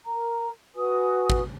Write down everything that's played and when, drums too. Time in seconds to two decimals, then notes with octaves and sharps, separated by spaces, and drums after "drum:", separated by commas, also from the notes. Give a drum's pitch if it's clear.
0.05 A#4 A#5
0.75 F#4 B4 G#5 D#6
1.30 drum: kick